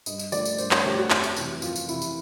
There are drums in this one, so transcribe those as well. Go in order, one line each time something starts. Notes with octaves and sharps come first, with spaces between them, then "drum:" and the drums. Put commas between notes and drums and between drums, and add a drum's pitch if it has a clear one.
G2 D#5, drum: tambourine
drum: tambourine
D3 F3 A3 D5, drum: tambourine
drum: tambourine
G2 C5, drum: tambourine
C#5, drum: clap
D3 F3 A3 G4
F#4
F2, drum: clap
drum: tambourine
C3 E3, drum: tambourine
F2 F4, drum: tambourine
drum: tambourine
C3 E3 E4, drum: tambourine
drum: tambourine